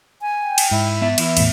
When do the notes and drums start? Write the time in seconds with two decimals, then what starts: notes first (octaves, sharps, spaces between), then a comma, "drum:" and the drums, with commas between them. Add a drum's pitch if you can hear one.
0.21 G#5
0.41 G5
0.58 drum: cymbal
0.71 G#2 E4
1.02 B3 E5 A6
1.18 E3 E4, drum: cymbal
1.37 E2 A2, drum: cymbal